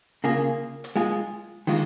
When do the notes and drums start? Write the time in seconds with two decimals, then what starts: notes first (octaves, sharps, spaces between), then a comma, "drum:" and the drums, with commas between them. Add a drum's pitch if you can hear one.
0.24 C#3 A#3 F4 G#4
0.84 drum: hi-hat
0.96 G#3 F4 G#4
1.67 D#3 G#3 F4, drum: open hi-hat